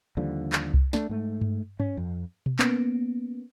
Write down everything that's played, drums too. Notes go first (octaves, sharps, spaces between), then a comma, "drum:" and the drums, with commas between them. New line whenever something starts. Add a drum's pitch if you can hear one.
D#2 D3 F3 G3
drum: clap
drum: kick C2
A3 D4, drum: snare
G#2 A3
drum: tom G2
C#4, drum: tom G2
F2
drum: tom B2
A#3 B3 C#4, drum: clap